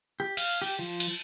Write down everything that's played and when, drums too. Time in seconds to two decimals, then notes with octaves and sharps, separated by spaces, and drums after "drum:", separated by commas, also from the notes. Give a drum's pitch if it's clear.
0.20 G4
0.37 F5, drum: cymbal
0.62 G4
0.79 F3
1.00 drum: cymbal